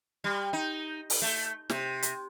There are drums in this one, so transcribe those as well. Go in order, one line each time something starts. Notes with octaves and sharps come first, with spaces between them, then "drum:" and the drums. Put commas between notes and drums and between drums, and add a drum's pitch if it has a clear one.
G3
D#4
drum: open hi-hat
A3
C3, drum: snare
drum: hi-hat